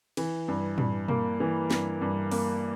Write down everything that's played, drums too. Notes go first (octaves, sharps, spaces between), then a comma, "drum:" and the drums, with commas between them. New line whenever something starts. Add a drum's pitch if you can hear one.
E3, drum: cymbal
G2
G2, drum: tom A2
A#3, drum: tom A#2
E3
G2, drum: snare
G2
A#3, drum: open hi-hat